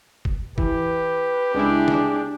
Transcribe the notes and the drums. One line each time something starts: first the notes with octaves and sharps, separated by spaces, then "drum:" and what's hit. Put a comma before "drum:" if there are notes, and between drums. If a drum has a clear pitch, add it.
drum: kick
E3 G4 B4, drum: kick
C#2 G#3 D4 E4 G#4
drum: snare